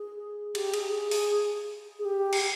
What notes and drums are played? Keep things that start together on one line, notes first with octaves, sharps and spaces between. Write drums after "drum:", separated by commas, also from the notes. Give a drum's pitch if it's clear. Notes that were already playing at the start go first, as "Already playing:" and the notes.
Already playing: G#4
G4, drum: cymbal
G#4, drum: cymbal
G#4
G#4, drum: open hi-hat
G#4
G4
drum: cymbal